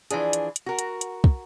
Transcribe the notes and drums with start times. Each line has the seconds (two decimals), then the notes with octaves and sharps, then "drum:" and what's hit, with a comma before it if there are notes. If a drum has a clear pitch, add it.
0.11 E3 F3 D4 G#4, drum: hi-hat
0.33 drum: hi-hat
0.56 drum: hi-hat
0.66 F#4 A#4
0.79 drum: hi-hat
1.01 drum: hi-hat
1.24 drum: kick